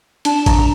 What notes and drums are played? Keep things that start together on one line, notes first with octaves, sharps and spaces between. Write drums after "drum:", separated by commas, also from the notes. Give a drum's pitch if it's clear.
D4 A5, drum: hi-hat
A#5, drum: kick A1, hi-hat